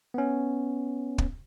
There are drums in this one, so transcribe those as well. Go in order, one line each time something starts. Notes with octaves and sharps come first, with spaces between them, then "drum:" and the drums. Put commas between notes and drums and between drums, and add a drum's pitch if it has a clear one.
B3 C#4
drum: kick